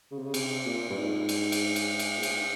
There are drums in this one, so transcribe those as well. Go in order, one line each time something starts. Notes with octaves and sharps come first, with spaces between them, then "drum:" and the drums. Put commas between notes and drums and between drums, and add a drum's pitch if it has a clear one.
C#3
C3
C#3
C3, drum: cymbal
A#2
G2
G#2
drum: cymbal
drum: cymbal
drum: cymbal
drum: cymbal
A#2
G#2, drum: cymbal